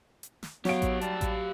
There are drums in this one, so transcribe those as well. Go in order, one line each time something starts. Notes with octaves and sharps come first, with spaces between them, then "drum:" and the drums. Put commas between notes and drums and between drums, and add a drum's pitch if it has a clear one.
drum: hi-hat
drum: snare
F#3 B3 G4 C#5 F5 D7, drum: snare
drum: kick A1, hi-hat
G3 A5, drum: hi-hat
drum: kick A1, hi-hat